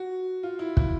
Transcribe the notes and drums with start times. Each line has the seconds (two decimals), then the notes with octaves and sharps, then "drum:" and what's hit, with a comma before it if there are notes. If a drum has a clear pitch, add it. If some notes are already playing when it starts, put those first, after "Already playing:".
Already playing: F#4
0.43 F4
0.59 E4
0.77 E4, drum: kick